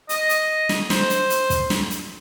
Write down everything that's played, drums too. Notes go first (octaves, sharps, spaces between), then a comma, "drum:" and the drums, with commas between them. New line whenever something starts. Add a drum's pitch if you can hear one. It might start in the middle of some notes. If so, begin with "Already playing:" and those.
D#5, drum: hi-hat
drum: hi-hat
drum: snare
C5, drum: snare
drum: hi-hat
drum: hi-hat
drum: kick, hi-hat
drum: snare
drum: hi-hat